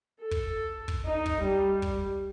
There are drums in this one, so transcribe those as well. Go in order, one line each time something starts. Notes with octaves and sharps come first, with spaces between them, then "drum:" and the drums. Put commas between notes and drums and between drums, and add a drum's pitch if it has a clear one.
A4
drum: kick
drum: kick
D#4
drum: kick
G3
drum: kick